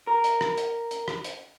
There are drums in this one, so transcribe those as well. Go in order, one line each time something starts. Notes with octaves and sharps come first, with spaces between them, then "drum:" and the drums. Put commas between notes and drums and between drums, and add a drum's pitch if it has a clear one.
A#4
drum: hi-hat
drum: rim click
drum: hi-hat
drum: hi-hat
drum: rim click
drum: hi-hat